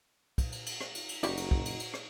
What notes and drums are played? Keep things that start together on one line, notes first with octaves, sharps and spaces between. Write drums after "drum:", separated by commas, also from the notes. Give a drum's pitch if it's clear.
drum: kick, cymbal
drum: cymbal
drum: cymbal
drum: rim click
drum: cymbal
drum: cymbal
F#1 C#4 D#4 E4 F#4 G4 D5, drum: cymbal
drum: cymbal
drum: kick
drum: cymbal
drum: cymbal
drum: rim click